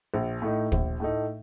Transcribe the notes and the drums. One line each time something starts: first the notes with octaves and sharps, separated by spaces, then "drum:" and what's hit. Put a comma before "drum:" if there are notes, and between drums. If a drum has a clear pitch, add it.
A#1
A2 A3 D#4
A#1, drum: kick
A2 A3 D#4